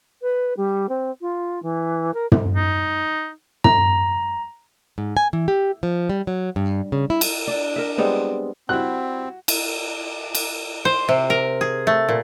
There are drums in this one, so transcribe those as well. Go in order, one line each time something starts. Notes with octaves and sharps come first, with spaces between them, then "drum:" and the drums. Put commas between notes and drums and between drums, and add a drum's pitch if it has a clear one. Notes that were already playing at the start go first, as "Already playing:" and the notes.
B4
G3
C4
F4
E3
A#4
drum: tom
D#4
A#5, drum: tom
G#2
G#5
E3
G4
F3
G3
F#3
G2
C#3
E4
drum: cymbal
D4
A#4 E5
G3 G#3 B3 C4
G3 C4 E4 F#4 F#6
drum: cymbal
drum: cymbal
C5
C3
A#4
G#4
A3
A#2